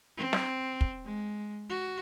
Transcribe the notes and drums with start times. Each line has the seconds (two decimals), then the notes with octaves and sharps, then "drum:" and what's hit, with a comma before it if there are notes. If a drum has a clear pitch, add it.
0.17 C4
0.33 drum: snare
0.81 drum: kick
1.05 G#3
1.70 F#4